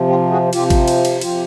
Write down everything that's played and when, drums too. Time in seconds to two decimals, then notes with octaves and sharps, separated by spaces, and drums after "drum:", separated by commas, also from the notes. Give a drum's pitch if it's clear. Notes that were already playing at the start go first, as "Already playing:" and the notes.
Already playing: C3 F3
0.08 F4 G4
0.30 F#4 G#4
0.53 C3 F3 F4 G4, drum: cymbal
0.70 drum: kick G#1, cymbal
0.88 drum: cymbal
1.05 drum: cymbal
1.21 C3 F3 F4 G4, drum: cymbal